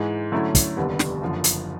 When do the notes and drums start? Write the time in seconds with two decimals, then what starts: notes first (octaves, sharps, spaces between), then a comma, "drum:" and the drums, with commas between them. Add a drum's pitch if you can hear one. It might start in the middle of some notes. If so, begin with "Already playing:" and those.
Already playing: G#2 E3 G#3
0.32 D3 F#3 A3 C#4 E4
0.55 drum: kick, hi-hat
0.77 F1 D#2 D3 G3 B3
0.99 drum: snare
1.22 F#1 F#2 D3 F3
1.44 drum: hi-hat